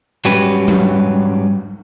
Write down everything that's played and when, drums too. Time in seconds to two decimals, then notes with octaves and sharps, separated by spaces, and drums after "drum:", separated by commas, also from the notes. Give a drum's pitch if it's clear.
0.25 G#2 F#3 G3 C#4 G4 B4
0.68 drum: tom F#3